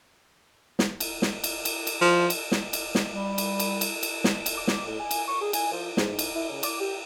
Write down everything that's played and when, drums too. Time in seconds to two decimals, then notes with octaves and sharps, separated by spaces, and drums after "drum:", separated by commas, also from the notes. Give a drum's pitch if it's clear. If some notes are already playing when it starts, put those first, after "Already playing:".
0.79 drum: snare
1.00 drum: cymbal
1.22 drum: snare
1.44 drum: cymbal
1.65 drum: cymbal
1.87 drum: cymbal
2.01 F3
2.30 drum: cymbal
2.52 drum: snare
2.73 drum: cymbal
2.95 drum: snare
3.10 G3
3.38 drum: cymbal
3.60 drum: cymbal
3.81 drum: cymbal
4.03 drum: cymbal
4.24 drum: snare
4.46 drum: cymbal
4.57 D6
4.68 drum: snare
4.85 A2
4.99 G#5
5.11 drum: cymbal
5.28 C#6
5.41 G#4
5.53 G#5, drum: cymbal
5.72 F3
5.97 G#2, drum: snare
6.19 drum: cymbal
6.34 E4
6.50 C#3
6.63 D6, drum: cymbal
6.80 G4